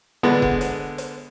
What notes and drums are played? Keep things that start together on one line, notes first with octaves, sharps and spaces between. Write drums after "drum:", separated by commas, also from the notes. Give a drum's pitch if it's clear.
D3 G#3 B3 D4
drum: kick F1
drum: hi-hat
drum: hi-hat